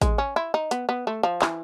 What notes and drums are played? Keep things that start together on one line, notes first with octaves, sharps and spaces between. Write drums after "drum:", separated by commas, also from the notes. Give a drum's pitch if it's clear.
G#3, drum: kick A1, hi-hat
C#4
E4
D#4
B3, drum: hi-hat
B3
A3
F3
E3, drum: clap